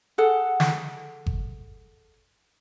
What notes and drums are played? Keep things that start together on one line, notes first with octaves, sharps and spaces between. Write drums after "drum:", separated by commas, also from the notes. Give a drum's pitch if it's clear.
G#4 A4 F#5
drum: snare
drum: kick G1